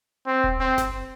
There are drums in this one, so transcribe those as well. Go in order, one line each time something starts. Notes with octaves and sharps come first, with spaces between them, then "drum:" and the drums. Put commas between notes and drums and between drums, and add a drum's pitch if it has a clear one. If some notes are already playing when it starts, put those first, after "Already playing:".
C4
drum: kick D#1
C4
drum: snare G1